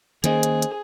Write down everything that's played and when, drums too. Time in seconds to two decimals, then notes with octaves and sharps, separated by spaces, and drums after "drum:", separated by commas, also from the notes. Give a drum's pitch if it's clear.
0.24 D#3 A#3 C#4 G#4 C5 D#5, drum: hi-hat
0.43 drum: hi-hat
0.62 drum: hi-hat